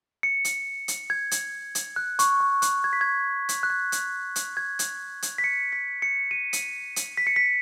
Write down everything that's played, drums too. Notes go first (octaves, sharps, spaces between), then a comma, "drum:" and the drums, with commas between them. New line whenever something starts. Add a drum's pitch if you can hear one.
C#7
drum: hi-hat
drum: hi-hat
G#6
drum: hi-hat
drum: hi-hat
F#6
C#6, drum: hi-hat
C#6
F#6, drum: hi-hat
G#6
B6
G#6
drum: hi-hat
F#6
G#6
drum: hi-hat
drum: hi-hat
G#6
drum: hi-hat
drum: hi-hat
B6
C#7
B6
C#7
D#7
drum: hi-hat
drum: hi-hat
B6
C#7
B6